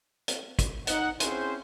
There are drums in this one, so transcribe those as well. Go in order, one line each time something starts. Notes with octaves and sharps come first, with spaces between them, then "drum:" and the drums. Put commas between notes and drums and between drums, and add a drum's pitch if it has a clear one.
drum: hi-hat
drum: kick, hi-hat
D#4 F#5, drum: hi-hat
C4 C#4 E4 G#4 C5, drum: hi-hat